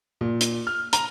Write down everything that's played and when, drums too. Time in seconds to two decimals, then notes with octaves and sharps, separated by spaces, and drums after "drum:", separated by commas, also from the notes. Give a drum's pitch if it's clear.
0.21 A#2
0.41 drum: hi-hat
0.67 F6
0.93 A#5, drum: hi-hat